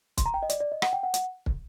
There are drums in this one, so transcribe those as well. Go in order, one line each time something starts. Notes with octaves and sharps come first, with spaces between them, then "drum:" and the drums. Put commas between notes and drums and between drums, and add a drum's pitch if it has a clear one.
C6, drum: kick, hi-hat
A#5
G5
D#5
D5, drum: hi-hat
D5
D#5
F#5, drum: rim click
G5
F#5
F#5, drum: hi-hat
drum: kick